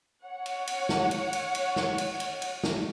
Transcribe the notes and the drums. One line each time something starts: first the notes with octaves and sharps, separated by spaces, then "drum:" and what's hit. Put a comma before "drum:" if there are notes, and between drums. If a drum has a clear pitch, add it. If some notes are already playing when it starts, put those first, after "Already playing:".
C#5 F#5
drum: cymbal
drum: cymbal
drum: snare
drum: cymbal
drum: cymbal
drum: cymbal
drum: snare
drum: cymbal
drum: cymbal
drum: cymbal
drum: snare